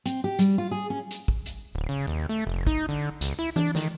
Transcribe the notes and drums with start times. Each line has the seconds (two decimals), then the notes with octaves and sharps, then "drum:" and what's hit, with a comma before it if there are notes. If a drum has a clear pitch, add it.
0.06 C4, drum: hi-hat
0.24 G4
0.39 G3, drum: hi-hat
0.58 F4
0.71 G#4
0.90 C#4
1.11 drum: hi-hat
1.28 drum: kick
1.46 drum: hi-hat
1.75 D1
1.89 C#3
2.07 D#2
2.29 A3
2.47 F1
2.67 D#4, drum: kick
2.89 D3
3.21 C#2, drum: hi-hat
3.39 E4
3.56 D4, drum: tom E3
3.75 D#3, drum: snare